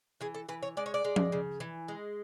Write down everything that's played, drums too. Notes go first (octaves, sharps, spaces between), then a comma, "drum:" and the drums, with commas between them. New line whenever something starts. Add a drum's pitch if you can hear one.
E3 G#4
A4
E3 B4
C#5
G#3 D5
C#5
D5
G#3
drum: tom F3
C#3
E3
G#3